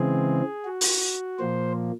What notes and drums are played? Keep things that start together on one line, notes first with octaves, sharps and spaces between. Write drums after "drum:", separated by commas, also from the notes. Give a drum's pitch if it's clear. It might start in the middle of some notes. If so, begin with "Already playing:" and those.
Already playing: C#3 E3 G#3 C4 G#4
F#4
drum: open hi-hat
A#2 F3 A#3 C5